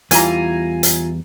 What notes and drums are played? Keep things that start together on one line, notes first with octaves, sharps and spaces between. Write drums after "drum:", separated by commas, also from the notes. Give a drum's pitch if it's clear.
E2 E3 G3 E4 F4 G#5 A#5, drum: hi-hat
drum: hi-hat